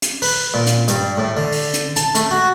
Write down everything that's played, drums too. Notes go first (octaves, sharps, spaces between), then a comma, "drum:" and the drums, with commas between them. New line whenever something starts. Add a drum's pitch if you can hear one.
drum: hi-hat
B4, drum: open hi-hat
A#2
drum: hi-hat
G2, drum: hi-hat
A2
D3
drum: open hi-hat
drum: hi-hat
A5, drum: hi-hat
A3, drum: hi-hat
F#4